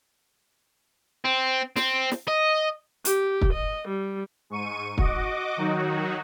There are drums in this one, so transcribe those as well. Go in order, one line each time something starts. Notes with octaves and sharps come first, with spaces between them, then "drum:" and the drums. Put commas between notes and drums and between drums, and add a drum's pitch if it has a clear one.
C4
C4, drum: snare
drum: snare
D#5
G4, drum: hi-hat
drum: kick
D#5
G3
G#2 C#6 D#7
F#4 D#5 D6, drum: kick
D#3 F#3 D#4 F#4